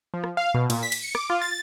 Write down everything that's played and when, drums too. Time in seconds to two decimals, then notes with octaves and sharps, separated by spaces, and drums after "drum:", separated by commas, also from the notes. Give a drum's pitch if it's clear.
0.14 F3
0.24 drum: rim click
0.37 F5
0.54 B2
0.70 A#2, drum: cymbal
0.83 B6
0.92 drum: cymbal
1.02 C#7
1.15 D6, drum: rim click
1.30 F4
1.42 A6